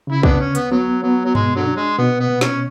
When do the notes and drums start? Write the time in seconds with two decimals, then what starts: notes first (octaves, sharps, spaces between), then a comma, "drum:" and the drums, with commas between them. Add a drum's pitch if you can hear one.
0.07 C#3 E4
0.23 B3 D4, drum: kick
0.39 D2 C#4
0.55 B3, drum: hi-hat
0.71 F#3 B3
1.03 F#3 B3
1.25 F#3
1.35 B2 G#3, drum: tom G2
1.56 D3 F#3
1.67 D4
1.77 G#3
1.98 B2 B3
2.20 B3
2.30 B2
2.41 C#4, drum: snare